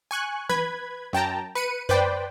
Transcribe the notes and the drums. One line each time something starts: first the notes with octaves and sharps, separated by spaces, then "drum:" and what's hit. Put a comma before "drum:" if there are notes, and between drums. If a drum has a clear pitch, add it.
G#5 C#6 F#6
B4 B5 G#6, drum: tom E3
F#2 G5 A5 A#5
B4 C#7 D#7
B4 C5 D5 G5, drum: tom F#2